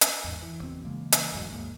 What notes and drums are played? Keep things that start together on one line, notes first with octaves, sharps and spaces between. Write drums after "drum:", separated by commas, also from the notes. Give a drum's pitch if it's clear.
drum: hi-hat
E2 G#2
E3
F#1 E2 B2 C4
C#3 E3 G#3 A#3
drum: hi-hat
E1 D2 G#2 F#3
D#2 G#2 G#3 A#3